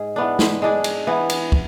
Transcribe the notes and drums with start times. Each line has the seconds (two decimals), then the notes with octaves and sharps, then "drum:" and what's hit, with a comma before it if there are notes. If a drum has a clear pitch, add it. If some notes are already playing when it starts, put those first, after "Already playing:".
Already playing: G#2 G#4
0.16 E3 B3 D4
0.39 drum: snare
0.62 G#3 D4 G#4
0.84 drum: cymbal
1.07 E3 B3
1.30 drum: cymbal
1.52 drum: kick